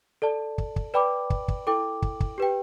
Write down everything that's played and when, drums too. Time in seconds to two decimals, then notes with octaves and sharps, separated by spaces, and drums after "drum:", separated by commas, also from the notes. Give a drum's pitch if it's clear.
0.22 A4 D5 A5
0.58 drum: kick
0.76 drum: kick
0.94 B4 D5 G5 B5 D6
1.30 drum: kick
1.48 drum: kick
1.67 E4 A4 G5 D6
2.02 drum: kick
2.20 drum: kick
2.38 G4 B4 G5